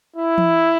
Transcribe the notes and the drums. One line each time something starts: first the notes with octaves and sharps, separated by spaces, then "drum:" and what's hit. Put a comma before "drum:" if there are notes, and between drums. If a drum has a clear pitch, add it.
E4
drum: tom E3